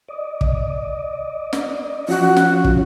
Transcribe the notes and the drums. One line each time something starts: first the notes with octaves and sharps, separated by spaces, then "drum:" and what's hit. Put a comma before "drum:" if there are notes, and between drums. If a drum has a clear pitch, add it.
D5 D#5
drum: kick
drum: snare
F3 C#4 F4 F#4
drum: snare
drum: kick